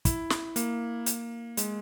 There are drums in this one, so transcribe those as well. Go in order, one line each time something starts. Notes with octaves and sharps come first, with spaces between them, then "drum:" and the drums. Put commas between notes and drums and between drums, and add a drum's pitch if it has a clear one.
E4, drum: kick, hi-hat
drum: snare
A#3, drum: hi-hat
drum: hi-hat
G#3, drum: hi-hat